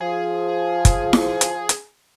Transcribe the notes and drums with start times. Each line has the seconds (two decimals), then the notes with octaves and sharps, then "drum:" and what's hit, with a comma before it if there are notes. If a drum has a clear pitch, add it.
0.01 F3 G#4
0.85 drum: kick, hi-hat
1.13 drum: snare E4
1.41 drum: hi-hat
1.69 drum: hi-hat